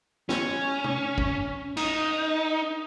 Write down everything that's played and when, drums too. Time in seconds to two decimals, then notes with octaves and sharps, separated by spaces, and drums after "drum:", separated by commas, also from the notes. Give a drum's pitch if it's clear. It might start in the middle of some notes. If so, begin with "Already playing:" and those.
0.29 C#4, drum: snare
0.84 drum: tom
1.18 drum: kick
1.77 D#4, drum: cymbal